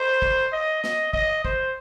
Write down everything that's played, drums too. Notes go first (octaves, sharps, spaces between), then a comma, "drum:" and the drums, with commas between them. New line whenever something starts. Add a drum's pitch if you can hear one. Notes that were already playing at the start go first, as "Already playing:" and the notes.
Already playing: C5
drum: kick
D#5
D#5, drum: snare
D#5, drum: kick
C5, drum: kick